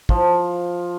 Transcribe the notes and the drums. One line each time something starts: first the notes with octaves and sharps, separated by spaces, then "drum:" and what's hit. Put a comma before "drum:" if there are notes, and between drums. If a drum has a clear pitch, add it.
F3, drum: kick